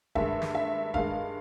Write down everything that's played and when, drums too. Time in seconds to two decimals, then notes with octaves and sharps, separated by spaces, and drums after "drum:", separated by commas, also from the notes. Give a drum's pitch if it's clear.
0.15 G2 D#3 G#3 E5, drum: kick
0.42 drum: snare
0.55 E5
0.94 G2 D#3 G#3 F5, drum: kick